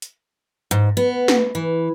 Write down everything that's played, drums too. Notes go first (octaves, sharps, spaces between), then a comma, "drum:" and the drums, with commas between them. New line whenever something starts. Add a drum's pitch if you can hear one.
drum: hi-hat
G#2
B3
drum: snare
E3